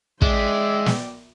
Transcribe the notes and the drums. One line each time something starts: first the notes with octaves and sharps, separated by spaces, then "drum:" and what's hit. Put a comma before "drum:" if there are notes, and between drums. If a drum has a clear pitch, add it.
G#3 D5 E5 G5, drum: kick
drum: snare